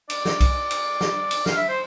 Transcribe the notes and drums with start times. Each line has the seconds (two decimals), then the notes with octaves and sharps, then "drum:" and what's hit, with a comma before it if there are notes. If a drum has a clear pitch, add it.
0.10 D5, drum: cymbal
0.25 drum: snare
0.40 drum: kick, cymbal
0.71 drum: cymbal
1.01 drum: snare
1.31 drum: cymbal
1.46 F5, drum: snare
1.57 E5
1.69 C5